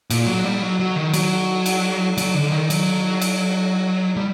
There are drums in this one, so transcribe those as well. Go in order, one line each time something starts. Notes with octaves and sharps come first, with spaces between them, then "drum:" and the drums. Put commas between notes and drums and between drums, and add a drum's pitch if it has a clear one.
A#2, drum: cymbal
F#3
G3
F#3
F#3
D#3
F#3, drum: cymbal
drum: cymbal
F#3, drum: cymbal
D3
D#3
F#3, drum: cymbal
drum: cymbal
G3